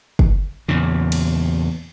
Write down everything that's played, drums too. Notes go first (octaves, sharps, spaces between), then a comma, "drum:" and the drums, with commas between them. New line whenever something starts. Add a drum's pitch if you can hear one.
drum: kick
E2 A#2 C#3
drum: cymbal